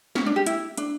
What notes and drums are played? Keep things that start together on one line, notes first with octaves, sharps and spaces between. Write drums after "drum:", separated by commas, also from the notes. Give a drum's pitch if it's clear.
C#4, drum: snare
D4
G4
E4, drum: hi-hat
D4, drum: hi-hat